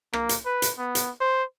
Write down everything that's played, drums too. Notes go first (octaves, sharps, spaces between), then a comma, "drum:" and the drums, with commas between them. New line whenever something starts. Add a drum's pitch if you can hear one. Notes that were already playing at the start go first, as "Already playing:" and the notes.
A#3, drum: rim click
drum: hi-hat
B4
drum: hi-hat
B3
drum: hi-hat
C5